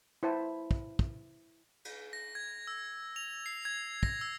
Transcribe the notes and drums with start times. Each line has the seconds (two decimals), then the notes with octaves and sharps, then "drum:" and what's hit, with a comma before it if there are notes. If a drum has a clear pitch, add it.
0.23 E4 C5 A5
0.71 drum: kick
0.99 drum: kick
1.85 drum: cymbal
2.13 A#6
2.35 G#6
2.67 E6
3.16 F7
3.46 C7
3.65 G#6
4.03 A#6, drum: kick
4.21 E6